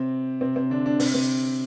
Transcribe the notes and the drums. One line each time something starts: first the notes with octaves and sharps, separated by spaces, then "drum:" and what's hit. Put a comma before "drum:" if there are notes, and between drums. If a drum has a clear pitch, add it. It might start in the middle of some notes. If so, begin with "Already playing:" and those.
Already playing: C3 C4
C3 C4
C3 C4
D3 D4
D3 D4
C3 C4, drum: open hi-hat
C3 C4